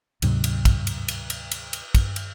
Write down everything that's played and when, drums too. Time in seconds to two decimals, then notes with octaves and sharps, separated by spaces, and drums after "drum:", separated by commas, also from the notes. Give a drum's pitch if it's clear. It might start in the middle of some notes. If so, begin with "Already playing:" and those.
0.22 D2 G#2 C3 F#3, drum: cymbal
0.44 drum: cymbal
0.65 drum: kick, cymbal
0.87 drum: cymbal
1.08 drum: cymbal
1.30 drum: cymbal
1.51 drum: cymbal
1.73 drum: cymbal
1.95 drum: kick, cymbal
2.16 drum: cymbal